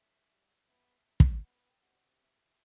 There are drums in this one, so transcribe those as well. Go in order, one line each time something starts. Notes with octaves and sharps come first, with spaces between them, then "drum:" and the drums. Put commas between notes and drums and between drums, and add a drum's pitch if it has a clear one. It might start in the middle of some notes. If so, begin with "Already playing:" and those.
Already playing: E5
G3
B3 E5
drum: kick
B3 F#5
F#5
G5
C3 F#5
E5